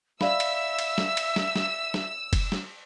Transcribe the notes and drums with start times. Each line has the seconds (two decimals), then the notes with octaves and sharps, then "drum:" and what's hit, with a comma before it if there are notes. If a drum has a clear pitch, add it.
0.21 D5 E5 F5 B5 E6, drum: snare
0.40 drum: cymbal
0.79 drum: cymbal
0.98 drum: snare
1.17 drum: cymbal
1.36 drum: snare
1.56 drum: snare
1.94 drum: snare
2.33 drum: kick F#1, cymbal
2.52 drum: snare